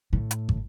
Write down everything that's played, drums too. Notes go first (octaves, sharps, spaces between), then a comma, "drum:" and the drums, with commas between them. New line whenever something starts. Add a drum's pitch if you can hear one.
A2
drum: hi-hat
drum: kick